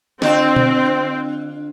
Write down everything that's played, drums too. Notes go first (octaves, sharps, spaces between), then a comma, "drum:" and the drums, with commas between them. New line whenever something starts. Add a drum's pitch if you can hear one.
D3 C4 F4, drum: snare
drum: tom B2